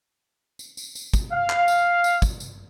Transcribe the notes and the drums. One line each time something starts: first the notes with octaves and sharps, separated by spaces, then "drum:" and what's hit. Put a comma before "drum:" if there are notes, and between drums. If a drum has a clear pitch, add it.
drum: tambourine
drum: tambourine
drum: tambourine
drum: kick, tambourine
F5
drum: clap
drum: tambourine
drum: tambourine
drum: kick, tambourine
drum: tambourine